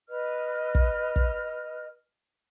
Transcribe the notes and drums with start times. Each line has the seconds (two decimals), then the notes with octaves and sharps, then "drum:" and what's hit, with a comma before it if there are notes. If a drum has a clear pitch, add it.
0.09 B4 D#5 F6
0.75 drum: kick
1.16 drum: kick